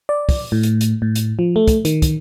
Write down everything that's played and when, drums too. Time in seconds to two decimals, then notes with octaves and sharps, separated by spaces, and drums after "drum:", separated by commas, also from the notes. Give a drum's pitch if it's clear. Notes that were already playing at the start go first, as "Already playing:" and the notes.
0.09 D5
0.29 drum: kick, open hi-hat
0.52 A2
0.63 drum: hi-hat
0.81 drum: hi-hat
1.02 A2
1.15 drum: hi-hat
1.39 F3
1.56 A3
1.68 drum: kick, hi-hat
1.85 D#3, drum: hi-hat
2.02 drum: kick, hi-hat